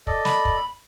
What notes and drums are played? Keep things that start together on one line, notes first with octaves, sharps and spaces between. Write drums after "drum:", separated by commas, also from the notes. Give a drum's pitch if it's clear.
A4 D5 D#5, drum: kick
B5, drum: snare
drum: kick